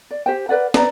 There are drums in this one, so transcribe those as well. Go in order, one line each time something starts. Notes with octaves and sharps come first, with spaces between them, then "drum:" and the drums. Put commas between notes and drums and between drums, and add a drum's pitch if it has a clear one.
D5
G4 C5 G5
A#4 B4 D5 F#5
B4 D5 A#5, drum: snare